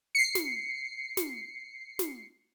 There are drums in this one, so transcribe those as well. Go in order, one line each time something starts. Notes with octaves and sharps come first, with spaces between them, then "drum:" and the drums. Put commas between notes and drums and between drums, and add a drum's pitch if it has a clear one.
C7 C#7
drum: snare
drum: snare
drum: snare